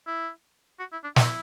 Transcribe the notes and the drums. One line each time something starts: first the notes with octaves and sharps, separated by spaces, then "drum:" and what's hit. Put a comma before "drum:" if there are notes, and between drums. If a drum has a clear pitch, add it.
E4
F#4
E4
D4
E4, drum: snare